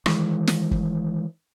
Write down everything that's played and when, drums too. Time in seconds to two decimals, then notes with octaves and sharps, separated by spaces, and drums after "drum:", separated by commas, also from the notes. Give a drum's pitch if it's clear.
0.06 D#3 E3 G#3, drum: rim click
0.47 drum: snare
0.71 drum: kick